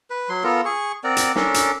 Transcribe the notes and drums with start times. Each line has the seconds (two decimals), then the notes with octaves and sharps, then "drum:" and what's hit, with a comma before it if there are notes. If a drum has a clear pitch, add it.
0.10 B4
0.29 F#3 C6
0.44 B3 F4 A4 A#4
0.65 G#4 C#6
1.04 C4 A#4 D5 F#5
1.17 drum: hi-hat
1.35 C#4 D4 A4 A#4, drum: snare
1.54 drum: hi-hat